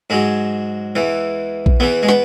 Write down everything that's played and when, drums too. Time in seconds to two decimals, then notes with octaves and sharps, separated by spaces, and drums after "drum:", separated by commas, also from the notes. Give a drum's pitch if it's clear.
0.10 G#2 F#3 G#3
0.95 E2 E3
1.66 drum: kick A#1
1.80 E2 E3 B3
2.03 G#3
2.09 B3, drum: snare